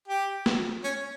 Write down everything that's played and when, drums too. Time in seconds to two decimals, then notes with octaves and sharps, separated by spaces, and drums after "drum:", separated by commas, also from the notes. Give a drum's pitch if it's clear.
0.08 G4
0.46 drum: snare
0.84 C#4